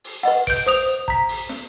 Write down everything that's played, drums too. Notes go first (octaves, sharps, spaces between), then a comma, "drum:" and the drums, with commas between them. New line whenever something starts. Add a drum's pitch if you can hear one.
drum: open hi-hat
B4 D#5 F#5, drum: hi-hat
G6 D7, drum: kick, open hi-hat
C5 D#6 F7, drum: hi-hat
drum: hi-hat
A#5 B6, drum: kick
drum: open hi-hat
drum: snare